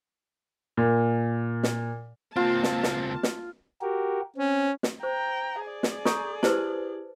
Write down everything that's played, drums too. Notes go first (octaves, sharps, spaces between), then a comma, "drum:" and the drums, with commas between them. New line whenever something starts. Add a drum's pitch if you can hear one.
A#2
drum: snare
C#2 A#3 C4 F4 A5
drum: snare
drum: snare
drum: snare
F#4 G4 A#4
C4 C#4
drum: snare
C5 G5 A#5
G#4 D5
drum: snare
A4 A#5 C#6 G6, drum: snare
E4 G4 B4 C5 A5 F#7, drum: snare